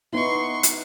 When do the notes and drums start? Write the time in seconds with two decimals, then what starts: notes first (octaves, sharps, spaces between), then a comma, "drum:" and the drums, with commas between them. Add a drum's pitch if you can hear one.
0.13 B3 D#4 E4 C6 C#6
0.63 drum: hi-hat